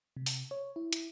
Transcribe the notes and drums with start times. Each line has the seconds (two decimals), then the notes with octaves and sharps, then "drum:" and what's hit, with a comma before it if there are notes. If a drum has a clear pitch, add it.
0.17 C3
0.26 drum: open hi-hat
0.51 C#5
0.76 E4
0.93 drum: hi-hat